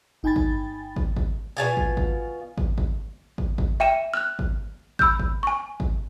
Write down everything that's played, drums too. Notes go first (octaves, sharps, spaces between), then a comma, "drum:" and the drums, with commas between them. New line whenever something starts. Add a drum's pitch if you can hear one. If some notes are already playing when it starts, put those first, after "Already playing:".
G1 D#4 G5 G#5 B5 A6
drum: kick
drum: kick
drum: kick
B2 D4 F4 G#5
drum: kick
drum: kick
drum: kick
drum: kick
drum: kick
drum: kick
E5 G5 D#7 E7
F6 F#6
drum: kick
B5 E6 F6 G6, drum: kick
drum: kick
G#5 C#6
drum: kick